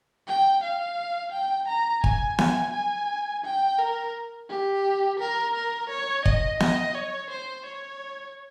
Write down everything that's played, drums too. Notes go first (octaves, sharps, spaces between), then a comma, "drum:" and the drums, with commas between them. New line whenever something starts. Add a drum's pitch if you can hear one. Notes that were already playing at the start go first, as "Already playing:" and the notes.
G5
F5
G5
A#5
G#5, drum: kick
G#5, drum: snare B3
G#5
G5
A#4
G4
A#4
A#4
C#5
D#5, drum: kick
D#5, drum: snare B3
C#5
C5
C#5